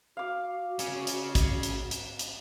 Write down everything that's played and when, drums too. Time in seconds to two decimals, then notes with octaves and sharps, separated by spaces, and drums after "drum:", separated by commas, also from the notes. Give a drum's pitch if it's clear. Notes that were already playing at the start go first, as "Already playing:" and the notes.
0.17 F#4 F5 D6
0.79 C#3 C#4, drum: hi-hat
1.07 drum: hi-hat
1.35 drum: kick, hi-hat
1.63 drum: hi-hat
1.91 drum: hi-hat
2.19 drum: hi-hat